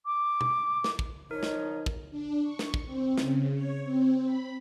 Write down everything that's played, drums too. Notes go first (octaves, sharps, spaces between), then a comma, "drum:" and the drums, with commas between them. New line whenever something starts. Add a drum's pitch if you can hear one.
D6
drum: tom B2
drum: snare
drum: kick
F3 D#4 A#4 C#5
drum: snare
drum: kick
D4
C#6
drum: snare
drum: kick
C4
C#3, drum: snare
C#5
C4
B5